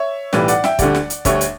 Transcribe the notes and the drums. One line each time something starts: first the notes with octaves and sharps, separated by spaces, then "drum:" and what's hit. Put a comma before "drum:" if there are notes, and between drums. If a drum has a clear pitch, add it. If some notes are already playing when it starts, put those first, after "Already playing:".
Already playing: C#5 E5
B1 A2 E3 G3 B4 D5, drum: snare
D5 F#5, drum: hi-hat
E5 G5, drum: snare
D2 D3 G3 D5 F#5, drum: kick, hi-hat
drum: snare
drum: hi-hat
D2 D3 G3 C#5 E5, drum: kick, hi-hat
drum: hi-hat